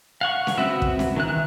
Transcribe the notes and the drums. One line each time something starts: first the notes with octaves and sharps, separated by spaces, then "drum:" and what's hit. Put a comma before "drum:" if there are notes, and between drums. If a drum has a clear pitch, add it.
F5 F#5 C#6
drum: snare C#4
B3 C4 F#4 E5
drum: kick
drum: snare C#4
D#3 E3 F#6